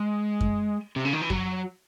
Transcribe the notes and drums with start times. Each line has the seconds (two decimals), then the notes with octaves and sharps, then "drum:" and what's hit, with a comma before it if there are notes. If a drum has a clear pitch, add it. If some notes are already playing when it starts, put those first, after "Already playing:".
Already playing: G#3
0.41 drum: kick F#2
0.96 C3
1.05 C#3
1.13 D#3
1.21 E3
1.30 F#3, drum: kick F#2